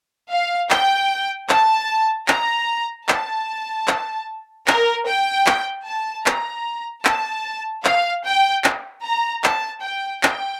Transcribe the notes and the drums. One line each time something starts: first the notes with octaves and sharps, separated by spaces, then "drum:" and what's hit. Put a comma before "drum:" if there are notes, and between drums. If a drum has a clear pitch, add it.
F5
G5, drum: clap
A5, drum: clap
A#5, drum: clap
A5, drum: clap
drum: clap
A#4, drum: clap
G5
drum: clap
A5
A#5, drum: clap
A5, drum: clap
F5, drum: clap
G5
drum: clap
A#5
A5, drum: clap
G5
G5, drum: clap